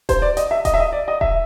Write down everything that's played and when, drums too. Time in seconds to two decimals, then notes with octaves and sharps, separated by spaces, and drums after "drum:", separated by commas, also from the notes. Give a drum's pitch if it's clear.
0.09 C5, drum: kick D#1, hi-hat
0.22 D5
0.37 D#5, drum: hi-hat
0.51 E5
0.65 D#5, drum: kick D#1, hi-hat
0.74 E5
0.79 D#5
0.92 D5
1.08 D#5
1.21 E5, drum: kick D#1